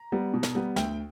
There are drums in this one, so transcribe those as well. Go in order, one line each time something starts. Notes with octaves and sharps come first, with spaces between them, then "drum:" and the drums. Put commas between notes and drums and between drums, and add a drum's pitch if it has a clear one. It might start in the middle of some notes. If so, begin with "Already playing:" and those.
Already playing: A#5
G3 B3
B2
drum: snare
G3 B3
D2 G5, drum: snare